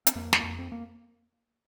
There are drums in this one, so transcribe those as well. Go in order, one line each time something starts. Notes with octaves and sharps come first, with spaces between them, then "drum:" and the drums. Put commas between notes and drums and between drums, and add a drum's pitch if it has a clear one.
C4, drum: hi-hat
F2 A#3
drum: snare
F2
C4
A#3